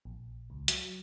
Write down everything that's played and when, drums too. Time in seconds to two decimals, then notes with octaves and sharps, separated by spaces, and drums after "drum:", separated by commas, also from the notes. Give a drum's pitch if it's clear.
0.05 A#1
0.50 C#2
0.68 F#3, drum: hi-hat